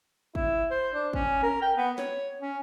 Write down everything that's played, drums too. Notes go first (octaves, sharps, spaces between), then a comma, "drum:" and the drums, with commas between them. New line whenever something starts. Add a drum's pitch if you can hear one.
E4, drum: kick
C5
D4
C#4, drum: kick
A#4
G5
B3
C#5, drum: snare
C#4